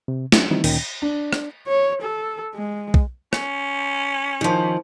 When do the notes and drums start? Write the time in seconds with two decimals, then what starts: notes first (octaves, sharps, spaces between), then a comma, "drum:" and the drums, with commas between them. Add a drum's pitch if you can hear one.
0.08 C3
0.32 F#3 C#4 D4 E4, drum: snare
0.51 D#3 E3 G3 C4 D#4 E4
0.64 D2 A#2 D#3 C#4 G5, drum: cymbal
1.02 D4
1.33 drum: rim click
1.68 C#5
2.02 A4
2.54 G#3
2.94 drum: kick
3.33 C#4, drum: rim click
4.41 D#3 F3